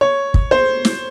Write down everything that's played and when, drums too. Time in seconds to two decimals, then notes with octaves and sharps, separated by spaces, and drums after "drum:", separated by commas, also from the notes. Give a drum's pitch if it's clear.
0.01 C#5
0.34 drum: kick
0.51 C5
0.85 drum: snare